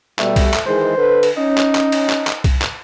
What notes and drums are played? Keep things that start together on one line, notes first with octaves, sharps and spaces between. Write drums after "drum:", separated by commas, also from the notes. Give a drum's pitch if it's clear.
B2 G3 A3, drum: clap
drum: kick C2, cymbal
drum: clap
D#3 E3 G#3 C5
D3 A4 B4
drum: cymbal
C#4 D#4
drum: clap
drum: clap
drum: cymbal
drum: clap
drum: clap
drum: kick C2, cymbal
drum: clap